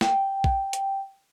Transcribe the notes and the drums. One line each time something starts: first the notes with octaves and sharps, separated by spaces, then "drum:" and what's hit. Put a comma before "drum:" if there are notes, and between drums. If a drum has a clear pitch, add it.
G5, drum: snare
drum: kick
drum: hi-hat